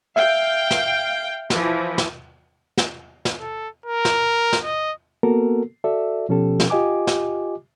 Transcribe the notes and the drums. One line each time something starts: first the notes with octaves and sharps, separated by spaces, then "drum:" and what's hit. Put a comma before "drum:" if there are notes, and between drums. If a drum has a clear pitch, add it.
E5 F5 G5
drum: snare
E3 F3, drum: snare
drum: snare
drum: snare
drum: snare
A4
A#4
drum: snare
drum: snare
D#5
A#3 B3 F#4 A4 A#4
F#4 A4 D5 E5
B2 F3 C#4 G4 A4
drum: snare
F4 G4 D#5 G#5 D6
drum: snare